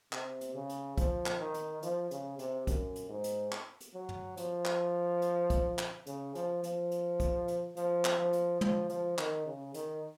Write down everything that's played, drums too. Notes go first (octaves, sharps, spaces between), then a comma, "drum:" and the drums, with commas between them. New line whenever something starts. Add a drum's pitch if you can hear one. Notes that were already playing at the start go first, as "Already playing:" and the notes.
C3, drum: clap
drum: hi-hat
C#3
drum: hi-hat
F3, drum: kick, hi-hat
drum: clap
D#3
drum: hi-hat
F3, drum: hi-hat
C#3, drum: hi-hat
C3, drum: hi-hat
F#2, drum: kick, hi-hat
drum: hi-hat
G#2
drum: hi-hat
drum: clap
drum: hi-hat
F#3
drum: tom
F3, drum: hi-hat
drum: clap
drum: hi-hat
drum: kick, hi-hat
drum: clap
C#3, drum: hi-hat
F3, drum: hi-hat
F3, drum: hi-hat
drum: hi-hat
drum: kick, hi-hat
drum: hi-hat
F3, drum: hi-hat
drum: clap
F3
drum: hi-hat
F3, drum: tom
F3, drum: hi-hat
D#3, drum: clap
C#3
D#3, drum: hi-hat